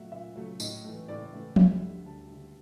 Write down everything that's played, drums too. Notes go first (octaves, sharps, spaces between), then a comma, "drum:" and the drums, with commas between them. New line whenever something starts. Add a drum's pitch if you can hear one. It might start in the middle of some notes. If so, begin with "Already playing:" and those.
Already playing: A#2 F#3 A3 E5 F#5
A#2 E5
F#3 A3
A2 D#5, drum: tambourine
E3 A3
A2 D5
E3 A3
D2 E5, drum: tom F3
D3 G3
D2 A5
D3 G3